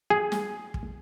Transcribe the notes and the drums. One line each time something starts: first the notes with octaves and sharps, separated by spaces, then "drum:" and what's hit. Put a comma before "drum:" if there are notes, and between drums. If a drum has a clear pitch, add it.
G#4
drum: snare
drum: kick